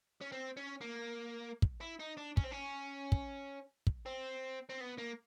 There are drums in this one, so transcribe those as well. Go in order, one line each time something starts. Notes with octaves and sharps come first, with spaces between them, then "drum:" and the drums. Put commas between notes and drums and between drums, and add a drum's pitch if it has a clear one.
C#4
C4
C#4
A#3
drum: kick
E4
D#4
D4
C#4, drum: kick
C4
C#4
drum: kick
drum: kick
C4
C4
B3
A#3